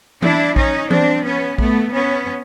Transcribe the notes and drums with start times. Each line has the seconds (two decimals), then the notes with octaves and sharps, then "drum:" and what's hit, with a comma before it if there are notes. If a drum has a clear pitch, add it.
0.22 D4 E4, drum: tom E3
0.56 C#4 D#4, drum: kick A#1
0.90 C4 D4, drum: tom E3
1.24 B3 C#4
1.58 A3 B3, drum: kick A#1
1.93 B3 C#4